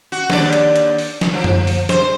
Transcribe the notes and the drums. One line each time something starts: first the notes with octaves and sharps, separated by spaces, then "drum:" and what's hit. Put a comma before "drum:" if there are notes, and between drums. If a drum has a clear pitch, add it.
F#4
D#2 D4 D5, drum: snare
drum: hi-hat
drum: hi-hat
drum: open hi-hat
drum: snare
F3
drum: tom F#2
drum: open hi-hat
C5, drum: snare